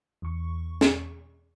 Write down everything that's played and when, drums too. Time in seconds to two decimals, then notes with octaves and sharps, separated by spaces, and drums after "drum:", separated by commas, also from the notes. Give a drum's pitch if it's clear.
0.22 E2 C#6
0.81 drum: snare